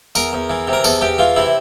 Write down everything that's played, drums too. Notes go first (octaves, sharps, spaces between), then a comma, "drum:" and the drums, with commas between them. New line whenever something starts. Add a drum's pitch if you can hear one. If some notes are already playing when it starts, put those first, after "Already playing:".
E2 A#4, drum: tambourine
E2
E3
C3
A#4
E2 A4, drum: tambourine
E2 G4
E3 F4
C3 E4